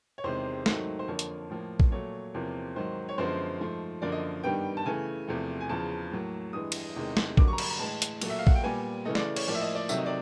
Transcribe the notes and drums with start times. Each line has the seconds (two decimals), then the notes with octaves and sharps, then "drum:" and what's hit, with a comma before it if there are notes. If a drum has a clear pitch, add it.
0.18 C#5
0.24 E2 C3 D#3 G#3 C5
0.66 G#2 D#3 F#3 A3, drum: snare
0.99 C5
1.08 F2 D3 F3 A#3 C#5
1.19 drum: hi-hat
1.50 A2 F3 A#3
1.80 drum: kick
1.92 A#2 F#3 A3 C#5
2.34 E2 C3 F3 A#3
2.76 G#2 D#3 F#3 C5
3.09 C#5
3.18 F#2 D3 F3 G#3 B3 C5
3.60 G#2 F3 A3
4.02 F#2 D3 F3 A#3 D5
4.12 D#5
4.44 G2 D#3 G3 B3 G5
4.77 A5
4.86 C#3 E3 A3 G#5
5.28 E2 C3 F3 A3
5.61 G#5
5.69 E2 C#3 F3 A5
6.11 A2 F#3 A#3
6.53 G2 E3 G#3 D#6
6.72 drum: cymbal
6.96 E2 C3 D#3 G#3
7.17 drum: snare
7.37 G2 D3 F#3 A#3 D6, drum: kick
7.48 C#6
7.53 A#5
7.58 B5, drum: cymbal
7.69 A#5
7.79 A2 E3 G#3 A5
8.02 drum: hi-hat
8.21 A#2 F#3 A3, drum: cymbal
8.30 E5
8.39 F5
8.47 F#5, drum: kick
8.55 G5
8.63 A#2 G3 B3 G#5
9.05 C#3 E3 A3 D#5
9.15 D5, drum: snare
9.36 C#5, drum: cymbal
9.47 A2 F3 A#3 D5
9.55 E5
9.61 D#5
9.75 D5
9.89 C3 D#3 F#3 A3 E5, drum: tambourine
9.98 D#5
10.06 D5